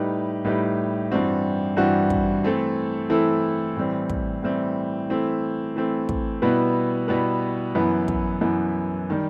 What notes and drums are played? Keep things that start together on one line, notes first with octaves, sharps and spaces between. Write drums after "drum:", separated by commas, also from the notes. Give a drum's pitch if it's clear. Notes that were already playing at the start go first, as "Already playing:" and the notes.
Already playing: A2 G3 D#4 G4 B4
A2 G3 D#4 G4 B4
G2 E3 G3 C4 F#4
G2 E3 G3 C4 F#4
drum: kick
E3 A3 C4 E4 A4
E3 A3 C4 E4 A4
A2 E3 G3 C4
drum: kick
A2 E3 G3 C4
E3 A3 C4 E4
E3 A3 C4 E4
drum: kick
B2 G3 B3 E4 B4
B2 G3 B3 E4 B4
F#2 E3 B3 E4
drum: kick
F#2 E3 B3 E4
D#3 G3